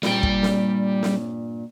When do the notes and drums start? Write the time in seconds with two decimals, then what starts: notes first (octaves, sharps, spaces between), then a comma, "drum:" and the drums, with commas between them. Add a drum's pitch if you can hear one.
0.03 G2 A#2 G3 G5, drum: snare
0.23 drum: kick
0.43 drum: snare
1.03 drum: snare